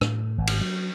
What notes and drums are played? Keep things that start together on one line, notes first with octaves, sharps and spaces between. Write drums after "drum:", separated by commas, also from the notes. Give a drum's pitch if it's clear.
A2, drum: rim click
G#1
drum: cymbal
F#3